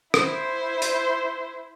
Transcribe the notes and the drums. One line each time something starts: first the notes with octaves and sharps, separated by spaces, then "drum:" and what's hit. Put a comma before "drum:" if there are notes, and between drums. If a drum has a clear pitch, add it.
E4 C5, drum: rim click
drum: hi-hat